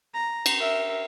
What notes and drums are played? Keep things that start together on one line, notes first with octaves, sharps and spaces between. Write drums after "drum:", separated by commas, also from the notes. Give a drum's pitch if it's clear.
A#5
drum: cymbal
A#4 E5